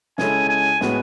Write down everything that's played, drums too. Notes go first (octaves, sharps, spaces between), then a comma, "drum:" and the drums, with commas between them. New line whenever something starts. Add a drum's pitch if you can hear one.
C#3 G#3 C#4 E4 A4 G#5, drum: snare
G#5
A2 G#3 B3 F#4 B4, drum: snare